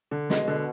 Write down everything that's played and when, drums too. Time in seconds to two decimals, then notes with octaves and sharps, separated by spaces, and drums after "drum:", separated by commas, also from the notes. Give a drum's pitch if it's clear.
0.11 D3
0.30 B2 G#3, drum: snare
0.48 D3